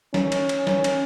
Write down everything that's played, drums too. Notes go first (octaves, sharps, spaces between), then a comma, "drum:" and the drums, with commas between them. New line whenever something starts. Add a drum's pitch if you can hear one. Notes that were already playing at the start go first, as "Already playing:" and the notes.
C#4, drum: snare
drum: cymbal
drum: cymbal
drum: snare
drum: cymbal